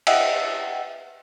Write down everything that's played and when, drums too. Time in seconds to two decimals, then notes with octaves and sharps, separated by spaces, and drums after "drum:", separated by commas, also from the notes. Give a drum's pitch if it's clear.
0.07 D#5 E5 F#5 G5 E6, drum: cymbal